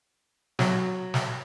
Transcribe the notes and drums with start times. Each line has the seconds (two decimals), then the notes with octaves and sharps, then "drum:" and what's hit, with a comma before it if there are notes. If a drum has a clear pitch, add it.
0.59 F#3, drum: snare
1.14 drum: snare